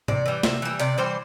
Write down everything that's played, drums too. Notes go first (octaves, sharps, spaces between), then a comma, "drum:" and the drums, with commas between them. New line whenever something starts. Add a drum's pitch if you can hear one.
C3 D5, drum: tom
E3 G3
C3 E5, drum: snare
E3 G3
C3 D5, drum: hi-hat
E3 G3 C5